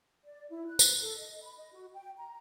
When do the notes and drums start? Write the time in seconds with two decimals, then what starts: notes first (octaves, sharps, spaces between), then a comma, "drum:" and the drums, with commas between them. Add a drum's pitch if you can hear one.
0.24 D5
0.50 E4
0.66 F#6
0.79 drum: tambourine
1.01 A4
1.18 D#5
1.43 B5
1.57 D#5
1.72 F#4
1.94 G5
2.17 A#5